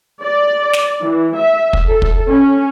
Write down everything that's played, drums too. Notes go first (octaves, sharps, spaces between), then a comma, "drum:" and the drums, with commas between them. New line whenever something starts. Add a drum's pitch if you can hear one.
D5
drum: snare
E3
E5
drum: kick
A4
drum: kick
C#4